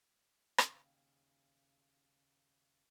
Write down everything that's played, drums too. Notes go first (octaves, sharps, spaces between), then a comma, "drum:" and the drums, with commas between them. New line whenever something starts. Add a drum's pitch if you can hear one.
D#2 C#3 G5, drum: rim click